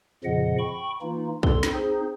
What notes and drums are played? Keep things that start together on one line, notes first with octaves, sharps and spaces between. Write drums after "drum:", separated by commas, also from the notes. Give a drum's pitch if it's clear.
F2 A#2 C#3 F3 D#5 F#5
G5 B5 C#6
E3 A#3 D#4 F4
C4 A4 C6, drum: kick
drum: snare
C4 D#4 G#4 C5